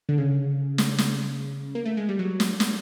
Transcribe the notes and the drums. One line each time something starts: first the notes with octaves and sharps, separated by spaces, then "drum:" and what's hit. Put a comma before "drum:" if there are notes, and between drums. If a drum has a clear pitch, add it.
D3
C#3
drum: snare
drum: snare
A#3
A3
G#3
G3
F#3
drum: snare
drum: snare